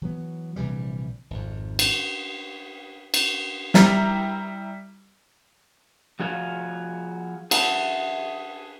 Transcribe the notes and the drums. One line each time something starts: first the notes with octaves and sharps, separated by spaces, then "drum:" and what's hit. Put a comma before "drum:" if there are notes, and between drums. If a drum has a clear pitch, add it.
E3 F#3 B3
A#1 C3 E3 G3
G#1 F2
drum: cymbal
drum: cymbal
G3 E4 A#5, drum: snare
F3 F#4 G#4 F5
G#4 E5 F#5 A5, drum: cymbal